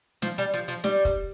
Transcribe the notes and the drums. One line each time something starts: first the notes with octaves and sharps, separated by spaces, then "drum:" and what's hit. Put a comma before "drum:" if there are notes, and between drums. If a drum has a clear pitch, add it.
F3, drum: snare
G3
F3
F3
G3, drum: snare
drum: kick, hi-hat